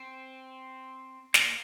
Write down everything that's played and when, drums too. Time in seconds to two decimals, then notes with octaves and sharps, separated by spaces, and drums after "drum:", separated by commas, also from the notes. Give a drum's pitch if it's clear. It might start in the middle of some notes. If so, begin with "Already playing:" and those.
Already playing: C4
1.34 A#3, drum: snare